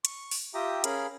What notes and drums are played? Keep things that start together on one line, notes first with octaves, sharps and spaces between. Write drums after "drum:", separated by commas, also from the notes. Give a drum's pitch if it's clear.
C#6, drum: hi-hat
drum: open hi-hat
F4 G4 E5 G5 A#5 D#6
C#4 G#4 A#4 F5 B5, drum: hi-hat